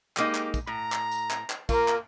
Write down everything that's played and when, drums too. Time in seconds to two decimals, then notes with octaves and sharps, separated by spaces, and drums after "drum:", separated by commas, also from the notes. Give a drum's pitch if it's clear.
0.17 G#3 A#3 D#4 G4, drum: clap
0.35 drum: clap
0.54 drum: kick, tambourine
0.67 A2 A#5
0.92 drum: clap
1.11 drum: tambourine
1.31 drum: clap
1.50 drum: clap
1.69 A#3 F4 A#4, drum: kick, tambourine
1.88 drum: clap